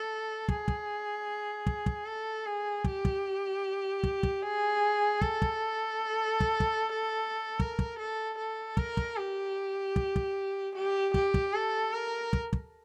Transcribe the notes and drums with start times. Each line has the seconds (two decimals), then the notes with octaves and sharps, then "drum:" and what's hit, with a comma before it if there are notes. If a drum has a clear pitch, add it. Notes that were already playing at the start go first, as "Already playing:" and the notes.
Already playing: A4
0.48 G#4, drum: kick
0.68 drum: kick
1.66 drum: kick
1.86 drum: kick
2.06 A4
2.45 G#4
2.84 G4, drum: kick
3.05 drum: kick
4.03 drum: kick
4.23 drum: kick
4.43 G#4
5.21 A4, drum: kick
5.42 drum: kick
6.40 drum: kick
6.60 drum: kick
7.60 A#4, drum: kick
7.79 drum: kick
7.99 A4
8.38 A4
8.77 A#4, drum: kick
8.97 drum: kick
9.17 G4
9.96 drum: kick
10.16 drum: kick
10.76 G4
11.14 G4, drum: kick
11.34 drum: kick
11.54 A4
11.93 A#4
12.33 drum: kick
12.53 drum: kick